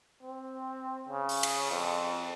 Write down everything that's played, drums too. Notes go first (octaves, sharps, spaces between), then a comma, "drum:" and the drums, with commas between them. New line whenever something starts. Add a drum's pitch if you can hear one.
C4
C#3
drum: open hi-hat
drum: cymbal
F2